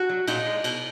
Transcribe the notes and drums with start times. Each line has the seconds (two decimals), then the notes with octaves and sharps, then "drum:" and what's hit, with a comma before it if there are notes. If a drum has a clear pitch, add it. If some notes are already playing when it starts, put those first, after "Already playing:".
Already playing: F#4
0.09 F#3
0.28 A#2 D#4, drum: cymbal
0.46 G#3
0.64 B2, drum: cymbal